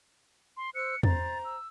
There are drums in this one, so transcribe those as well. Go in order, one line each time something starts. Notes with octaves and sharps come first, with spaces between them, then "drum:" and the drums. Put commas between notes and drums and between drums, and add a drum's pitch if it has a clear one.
C6
C5 E6 F#6 C#7
C5 A#5 A6, drum: tom E2
E6